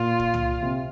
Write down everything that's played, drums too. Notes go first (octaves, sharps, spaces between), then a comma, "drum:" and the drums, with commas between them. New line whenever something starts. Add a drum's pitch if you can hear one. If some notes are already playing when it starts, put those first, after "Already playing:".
Already playing: A#2 F4
drum: kick
drum: tom
C3